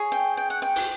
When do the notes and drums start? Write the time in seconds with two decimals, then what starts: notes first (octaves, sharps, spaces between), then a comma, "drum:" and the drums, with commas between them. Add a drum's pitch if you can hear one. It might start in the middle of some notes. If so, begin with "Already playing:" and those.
Already playing: G#4 C#5
0.12 G5
0.37 G5
0.50 F#5
0.62 G5
0.76 drum: open hi-hat